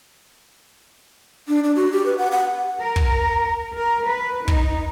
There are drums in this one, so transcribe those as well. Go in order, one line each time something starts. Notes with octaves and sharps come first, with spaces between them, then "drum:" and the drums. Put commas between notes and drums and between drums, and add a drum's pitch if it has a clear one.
D4
D4
F#4
G4
B4
F#5
F#5
A#4
drum: kick
A#4
B4
D#4, drum: kick